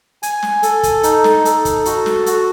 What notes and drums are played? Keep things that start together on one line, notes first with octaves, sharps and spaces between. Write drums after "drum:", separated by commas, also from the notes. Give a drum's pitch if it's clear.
G#5, drum: hi-hat
drum: snare
A4, drum: hi-hat
drum: kick, hi-hat
D#4, drum: hi-hat
drum: snare
A4, drum: hi-hat
drum: kick, hi-hat
F#4, drum: hi-hat
drum: snare
F#4, drum: hi-hat